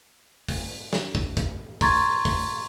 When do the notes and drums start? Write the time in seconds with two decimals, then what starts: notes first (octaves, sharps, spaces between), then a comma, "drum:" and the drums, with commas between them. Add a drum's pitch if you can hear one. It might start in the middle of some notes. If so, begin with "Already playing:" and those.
0.48 drum: kick, open hi-hat
0.93 drum: snare
1.15 drum: kick
1.37 drum: kick, hi-hat
1.81 A#5 C6 C#6 G#6 A6, drum: kick, open hi-hat
2.25 drum: kick, open hi-hat